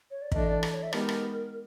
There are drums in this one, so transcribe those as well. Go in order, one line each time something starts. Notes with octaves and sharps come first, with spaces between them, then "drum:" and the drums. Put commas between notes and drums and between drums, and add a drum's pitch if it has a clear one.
C#5
D5
E3 A3 D4 D#5, drum: kick
D5
D5, drum: rim click
C#5
E5
G#3 B3 D#4 G4 A#4, drum: rim click
drum: rim click